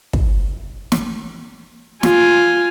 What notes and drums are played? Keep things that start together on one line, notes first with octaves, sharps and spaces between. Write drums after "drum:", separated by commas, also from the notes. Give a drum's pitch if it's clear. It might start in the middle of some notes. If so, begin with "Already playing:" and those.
drum: kick
drum: snare
F4 G#5, drum: snare